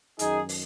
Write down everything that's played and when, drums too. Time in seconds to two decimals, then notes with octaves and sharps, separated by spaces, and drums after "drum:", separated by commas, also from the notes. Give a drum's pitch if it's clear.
0.19 F#2 D#3 D#4 G#4, drum: hi-hat
0.49 drum: open hi-hat